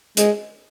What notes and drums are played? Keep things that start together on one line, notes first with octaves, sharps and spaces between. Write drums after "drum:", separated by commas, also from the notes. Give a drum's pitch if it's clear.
G#3, drum: hi-hat